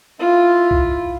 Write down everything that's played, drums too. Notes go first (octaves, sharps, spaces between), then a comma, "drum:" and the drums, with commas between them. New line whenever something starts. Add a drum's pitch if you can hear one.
E4 F4
drum: kick C2